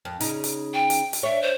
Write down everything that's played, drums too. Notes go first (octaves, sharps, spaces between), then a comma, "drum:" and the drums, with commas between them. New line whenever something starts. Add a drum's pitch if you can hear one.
F2
C#3 D#4, drum: hi-hat
drum: hi-hat
G5
drum: hi-hat
drum: hi-hat
D4 C#5 E5
C5